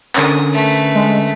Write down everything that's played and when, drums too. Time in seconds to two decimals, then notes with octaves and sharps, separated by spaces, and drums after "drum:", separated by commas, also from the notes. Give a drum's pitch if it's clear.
0.16 D3 C#4 A#4 D#6, drum: clap
0.54 A3 B4
0.95 G#3